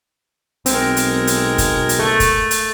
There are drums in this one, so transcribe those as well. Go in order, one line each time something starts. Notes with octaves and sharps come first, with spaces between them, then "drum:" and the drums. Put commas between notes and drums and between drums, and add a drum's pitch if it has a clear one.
B1 G#3 C4 A#4, drum: hi-hat
drum: hi-hat
drum: hi-hat
drum: kick, hi-hat
drum: hi-hat
A3
drum: kick, hi-hat
drum: hi-hat